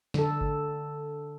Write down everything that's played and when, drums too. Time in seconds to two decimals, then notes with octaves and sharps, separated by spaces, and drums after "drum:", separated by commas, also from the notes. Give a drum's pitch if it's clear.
0.14 D3 A4, drum: snare
0.41 drum: kick G1